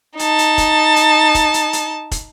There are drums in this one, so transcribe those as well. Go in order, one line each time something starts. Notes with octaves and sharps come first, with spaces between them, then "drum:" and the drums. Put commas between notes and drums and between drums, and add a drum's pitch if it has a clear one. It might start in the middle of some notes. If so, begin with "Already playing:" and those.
D#4 A5, drum: hi-hat
drum: hi-hat
drum: kick, hi-hat
drum: hi-hat
drum: kick, hi-hat
drum: hi-hat
drum: hi-hat
drum: kick, hi-hat